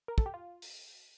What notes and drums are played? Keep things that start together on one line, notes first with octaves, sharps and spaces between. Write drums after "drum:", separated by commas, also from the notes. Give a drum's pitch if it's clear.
A#4
A4, drum: kick
G4
F4
drum: open hi-hat